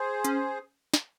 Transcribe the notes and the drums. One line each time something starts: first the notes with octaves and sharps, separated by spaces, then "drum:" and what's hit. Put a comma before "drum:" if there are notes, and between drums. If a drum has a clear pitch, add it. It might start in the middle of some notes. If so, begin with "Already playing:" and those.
Already playing: G#4 C5
C#4, drum: hi-hat
drum: snare